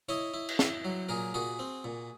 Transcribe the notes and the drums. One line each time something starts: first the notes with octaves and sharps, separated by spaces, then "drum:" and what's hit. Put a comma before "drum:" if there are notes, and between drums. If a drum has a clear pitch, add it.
E4 C#5 D#5
E4
drum: cymbal
E4, drum: snare
F#3
A#2 G#4 A#4
A#2 F#4 G#4
C4
A#2